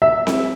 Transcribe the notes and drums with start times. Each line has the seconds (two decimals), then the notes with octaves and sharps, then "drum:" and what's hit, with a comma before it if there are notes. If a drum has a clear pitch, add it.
0.02 E5
0.27 drum: snare C4